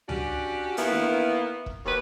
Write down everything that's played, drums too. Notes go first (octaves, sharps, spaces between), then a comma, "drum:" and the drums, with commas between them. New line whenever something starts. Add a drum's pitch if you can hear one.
C#4 D4 F#4 G4, drum: tom C#2
D#3 A#3 B3 E4, drum: hi-hat
drum: snare
drum: kick E1
D#2 B4